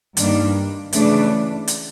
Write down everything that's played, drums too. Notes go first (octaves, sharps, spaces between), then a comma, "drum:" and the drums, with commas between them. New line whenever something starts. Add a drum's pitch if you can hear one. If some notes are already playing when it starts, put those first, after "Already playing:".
G2 D#3 G3 A#3 D4, drum: hi-hat
C#3 E3 A3 D4, drum: hi-hat
drum: hi-hat